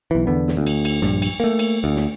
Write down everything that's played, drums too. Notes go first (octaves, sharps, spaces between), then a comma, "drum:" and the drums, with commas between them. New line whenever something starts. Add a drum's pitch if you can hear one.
B1 E3
E2 D3 B3
drum: snare
D2
drum: cymbal
drum: cymbal
A#1 G2, drum: snare
drum: cymbal
A3 A#3
drum: cymbal
D2
drum: snare